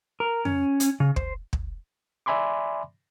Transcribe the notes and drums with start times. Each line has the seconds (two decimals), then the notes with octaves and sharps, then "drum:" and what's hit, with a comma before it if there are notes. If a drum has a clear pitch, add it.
0.20 A#4
0.45 C#4, drum: tom F2
0.80 drum: hi-hat
1.00 C#3
1.16 C5, drum: kick
1.53 drum: kick
2.26 D5 E5 G#5 B5 C6 D6